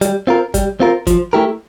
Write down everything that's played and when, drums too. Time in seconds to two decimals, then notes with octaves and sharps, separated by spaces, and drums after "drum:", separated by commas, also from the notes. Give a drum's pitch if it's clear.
0.01 G3, drum: hi-hat
0.27 C4 F4 A#4
0.54 G3, drum: kick, hi-hat
0.80 C4 F4 A#4
1.07 F3, drum: kick, hi-hat
1.33 A3 E4 G4 A#4